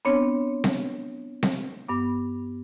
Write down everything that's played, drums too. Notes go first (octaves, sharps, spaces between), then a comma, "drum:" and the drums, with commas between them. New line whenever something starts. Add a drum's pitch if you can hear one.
B3 C4 D4 C#5
drum: snare C4
drum: snare C4
G2 B3 D6